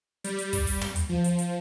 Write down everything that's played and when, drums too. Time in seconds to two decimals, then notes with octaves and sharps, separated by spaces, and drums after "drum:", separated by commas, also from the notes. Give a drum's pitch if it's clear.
0.24 G3, drum: hi-hat
0.39 drum: hi-hat
0.53 drum: kick, open hi-hat
0.67 drum: open hi-hat
0.81 drum: tom
0.96 drum: hi-hat
1.09 F3
1.24 drum: hi-hat
1.39 drum: hi-hat